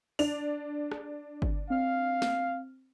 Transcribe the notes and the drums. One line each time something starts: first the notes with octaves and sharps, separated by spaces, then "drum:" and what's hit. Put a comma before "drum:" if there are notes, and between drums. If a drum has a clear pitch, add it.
D4 F7, drum: open hi-hat
drum: rim click
drum: kick G1
C4 F5 F6
drum: snare